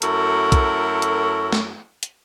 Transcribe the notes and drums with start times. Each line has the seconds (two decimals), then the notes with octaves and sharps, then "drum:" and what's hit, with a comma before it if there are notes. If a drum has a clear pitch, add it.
0.02 F#2 A3 E4 F#4 A4 A#4, drum: hi-hat
0.52 drum: kick, hi-hat
1.02 drum: hi-hat
1.53 drum: snare
2.03 drum: hi-hat